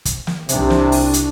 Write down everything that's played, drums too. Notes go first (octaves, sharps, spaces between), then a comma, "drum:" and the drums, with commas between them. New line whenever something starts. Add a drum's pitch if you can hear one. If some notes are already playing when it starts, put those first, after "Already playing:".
drum: kick, hi-hat
drum: snare
C2 C3 D4, drum: hi-hat
drum: snare
drum: open hi-hat
drum: hi-hat